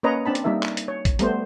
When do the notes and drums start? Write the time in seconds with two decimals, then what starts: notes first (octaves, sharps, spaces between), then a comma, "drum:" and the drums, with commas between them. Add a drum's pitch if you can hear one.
0.03 A#3 C#4 B4 C#5 D#5 A#5
0.25 C4 D4 A5 B5
0.35 drum: hi-hat
0.44 G3 A#3 D#4 A#4 E5
0.63 drum: clap
0.77 drum: hi-hat
0.88 C#5
1.05 drum: kick, hi-hat
1.19 G3 A3 B3 C5, drum: hi-hat